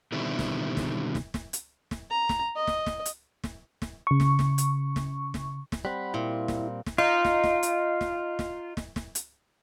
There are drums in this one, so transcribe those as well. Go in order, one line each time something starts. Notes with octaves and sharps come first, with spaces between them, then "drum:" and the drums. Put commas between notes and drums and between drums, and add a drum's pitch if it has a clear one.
B2 D3 D#3 G3 C4 E4
drum: snare
drum: snare
drum: snare
drum: snare
drum: hi-hat
drum: snare
A#5
drum: snare
D#5
drum: snare
drum: snare
drum: hi-hat
drum: snare
drum: snare
C#3 C#6
drum: snare
drum: snare
drum: hi-hat
drum: snare
drum: snare
drum: snare
G3 C4 F#5 B5
A#2 E4
drum: snare
drum: snare
D#4 F4
drum: snare
drum: snare
drum: hi-hat
drum: snare
drum: snare
drum: snare
drum: snare
drum: hi-hat